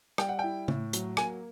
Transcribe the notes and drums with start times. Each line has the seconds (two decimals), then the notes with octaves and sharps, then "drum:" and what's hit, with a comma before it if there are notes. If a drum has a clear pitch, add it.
0.18 G3 G5, drum: rim click
0.29 F#5
0.39 E4 G5
0.68 A2, drum: tom C#3
0.93 F#3, drum: hi-hat
1.17 A#3 G#5, drum: rim click